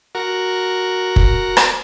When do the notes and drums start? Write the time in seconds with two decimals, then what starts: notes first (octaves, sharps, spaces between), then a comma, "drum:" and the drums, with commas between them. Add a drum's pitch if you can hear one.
0.15 F#4 A#4
1.16 drum: kick
1.57 drum: rim click